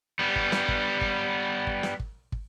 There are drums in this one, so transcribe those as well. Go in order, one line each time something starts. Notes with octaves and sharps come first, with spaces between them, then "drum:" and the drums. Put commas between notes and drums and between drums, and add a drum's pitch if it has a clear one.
G3 B3
drum: kick
drum: snare
drum: kick
drum: kick
drum: kick
drum: snare
drum: kick
drum: kick